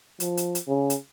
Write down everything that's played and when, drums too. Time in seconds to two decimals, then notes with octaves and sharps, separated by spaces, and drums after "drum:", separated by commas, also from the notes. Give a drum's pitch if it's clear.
0.20 F3, drum: hi-hat
0.37 drum: hi-hat
0.55 drum: hi-hat
0.68 C#3
0.90 drum: hi-hat